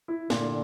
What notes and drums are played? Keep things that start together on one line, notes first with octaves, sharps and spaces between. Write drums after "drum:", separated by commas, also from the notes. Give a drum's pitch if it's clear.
E4
A#2 D3, drum: snare